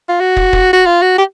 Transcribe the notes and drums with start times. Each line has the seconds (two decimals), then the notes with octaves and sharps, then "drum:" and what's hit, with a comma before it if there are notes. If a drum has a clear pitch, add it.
0.09 F4
0.20 F#4
0.37 drum: kick
0.53 drum: kick
0.73 F#4
0.86 F4
1.02 F#4
1.18 G4